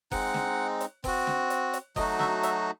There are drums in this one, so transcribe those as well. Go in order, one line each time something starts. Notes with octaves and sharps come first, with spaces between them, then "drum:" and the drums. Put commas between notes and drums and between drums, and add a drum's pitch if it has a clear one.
G#3 C4 D#4 F#5, drum: kick F#1, open hi-hat
drum: snare
drum: hi-hat
C4 F#4, drum: kick F#1, open hi-hat
drum: snare
drum: hi-hat
drum: hi-hat
F#3 A3 D#4 F#4 D#5, drum: kick F#1, open hi-hat
E5, drum: snare
E5, drum: hi-hat